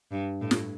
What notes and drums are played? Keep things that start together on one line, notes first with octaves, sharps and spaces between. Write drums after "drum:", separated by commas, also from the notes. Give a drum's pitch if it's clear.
G2
A2
drum: snare